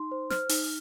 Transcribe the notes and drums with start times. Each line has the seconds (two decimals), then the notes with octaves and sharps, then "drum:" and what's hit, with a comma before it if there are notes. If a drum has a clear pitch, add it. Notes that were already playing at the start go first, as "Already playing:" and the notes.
Already playing: D#4 C6
0.11 C5
0.30 C5 F6, drum: snare
0.49 D#4, drum: open hi-hat